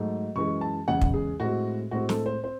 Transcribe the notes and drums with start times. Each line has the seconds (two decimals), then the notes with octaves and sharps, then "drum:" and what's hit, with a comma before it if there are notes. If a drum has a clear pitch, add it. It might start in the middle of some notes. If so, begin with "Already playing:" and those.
Already playing: G#2 F#3 A3
0.36 F#2 E3 G#3 C#6
0.61 A5
0.88 E2 C#3 G#3 F#5
1.01 drum: kick
1.14 G#4
1.40 A2 G#3 C4 F#4
1.91 A2 G#3 C4 F#4
2.09 A4, drum: snare
2.26 C5
2.44 C4 C5